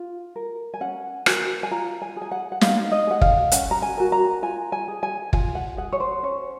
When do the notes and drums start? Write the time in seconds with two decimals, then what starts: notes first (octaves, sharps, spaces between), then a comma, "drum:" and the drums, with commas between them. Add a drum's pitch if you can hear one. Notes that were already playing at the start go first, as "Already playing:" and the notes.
Already playing: F4
0.36 A#4
0.74 G#5
0.81 C#4 F#5
1.26 F#4 A#4 G#5, drum: rim click
1.63 G#5
1.71 F4 A#5
2.02 G#5
2.16 G#4
2.22 G#5
2.31 F#5
2.52 F#5
2.61 D#4 F5, drum: snare
2.91 D#5
3.07 G#4 F#5
3.21 F5, drum: kick
3.52 C#4 F#5, drum: hi-hat
3.71 A#5
3.82 G#5
3.97 F#4 A#4
4.12 A#5
4.42 F4 G#5
4.72 G#5
4.88 G#4
5.03 G#5
5.33 F4 G#5, drum: kick
5.55 F#5
5.77 G#4 F#5
5.92 C#5
6.00 C5
6.23 C#4 C#5